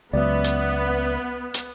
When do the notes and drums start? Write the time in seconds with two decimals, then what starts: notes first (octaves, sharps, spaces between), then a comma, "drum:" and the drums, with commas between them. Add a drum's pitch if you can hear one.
0.13 C#2 F#3 B3 D5 E5
0.44 drum: hi-hat
1.54 drum: hi-hat